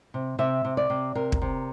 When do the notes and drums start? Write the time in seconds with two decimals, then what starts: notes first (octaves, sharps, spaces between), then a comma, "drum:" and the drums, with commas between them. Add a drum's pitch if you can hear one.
0.14 C3
0.39 C3 E5
0.65 C3
0.77 D5
0.90 C3
1.15 C3 A#4
1.32 drum: kick
1.42 C3